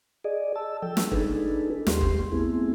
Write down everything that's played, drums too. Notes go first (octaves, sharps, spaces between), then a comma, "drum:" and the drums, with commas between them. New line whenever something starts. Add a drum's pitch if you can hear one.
G#4 D5 D#5
A5 E6
F3 A4 G5 E6
drum: snare
D4 D#4 G#4 A4 B4, drum: kick
D#2 G4 C6, drum: snare
drum: kick
A3 B3 C4 E4 G#4